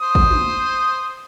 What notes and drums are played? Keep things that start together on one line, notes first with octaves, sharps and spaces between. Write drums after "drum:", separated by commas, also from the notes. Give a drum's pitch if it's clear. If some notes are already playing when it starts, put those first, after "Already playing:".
C5 D#6
drum: kick
drum: tom